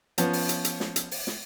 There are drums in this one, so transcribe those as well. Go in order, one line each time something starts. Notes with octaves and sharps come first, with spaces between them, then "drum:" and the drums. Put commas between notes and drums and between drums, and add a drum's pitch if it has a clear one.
F3 B3 C#4, drum: hi-hat
drum: open hi-hat
drum: hi-hat
drum: hi-hat
drum: snare
drum: hi-hat
drum: open hi-hat
drum: snare